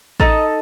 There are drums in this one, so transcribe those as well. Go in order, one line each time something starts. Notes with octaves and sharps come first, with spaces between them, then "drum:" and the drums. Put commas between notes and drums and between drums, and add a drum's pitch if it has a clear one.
D#4 A4 D#5, drum: kick A1